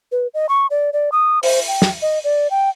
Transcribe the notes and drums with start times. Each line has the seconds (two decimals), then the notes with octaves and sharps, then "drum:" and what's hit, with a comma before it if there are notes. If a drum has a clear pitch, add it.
0.12 B4
0.34 D#5
0.49 C#6
0.71 D5
0.93 D5
1.12 D#6
1.43 C5, drum: open hi-hat
1.68 G5
1.82 drum: snare
2.02 D#5
2.24 D5
2.51 G5